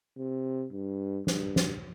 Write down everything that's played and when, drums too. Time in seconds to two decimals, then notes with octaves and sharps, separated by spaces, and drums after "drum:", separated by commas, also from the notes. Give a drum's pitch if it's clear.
0.17 C3
0.72 G2
1.27 G2, drum: snare
1.56 drum: snare